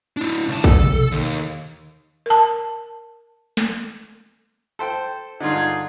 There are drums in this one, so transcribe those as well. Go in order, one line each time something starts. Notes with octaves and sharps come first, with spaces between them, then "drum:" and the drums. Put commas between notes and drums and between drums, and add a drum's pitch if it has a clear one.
D4 E4
C#2 A5
A4, drum: kick
drum: tom B2
D#2, drum: hi-hat
A#4 A5
drum: snare
A4 C5 G5
G2 D3 D#4 F4 G#4